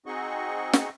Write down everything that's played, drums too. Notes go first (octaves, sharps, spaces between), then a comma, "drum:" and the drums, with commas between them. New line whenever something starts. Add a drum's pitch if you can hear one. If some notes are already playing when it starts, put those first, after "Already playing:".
C4 D#4 F#4 G#4 D#5 C#6
drum: snare